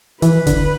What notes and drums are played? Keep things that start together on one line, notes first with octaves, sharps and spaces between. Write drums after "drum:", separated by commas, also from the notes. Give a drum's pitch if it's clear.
E3 B4, drum: hi-hat
D3, drum: kick F1, hi-hat